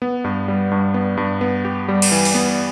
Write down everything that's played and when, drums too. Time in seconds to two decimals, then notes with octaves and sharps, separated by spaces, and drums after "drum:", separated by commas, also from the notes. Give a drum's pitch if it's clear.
0.02 B3
0.24 G2
0.48 G3
0.72 G2
0.94 B3
1.17 G2
1.41 B3
1.65 G4
1.88 G3
2.02 drum: cymbal
2.12 E3
2.25 drum: open hi-hat
2.34 B3